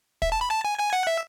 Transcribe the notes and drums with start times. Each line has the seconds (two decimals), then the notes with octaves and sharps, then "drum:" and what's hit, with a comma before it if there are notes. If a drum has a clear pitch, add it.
0.22 E5, drum: kick
0.32 A5
0.41 B5
0.51 A5
0.65 G#5
0.79 G#5
0.93 F#5
1.07 E5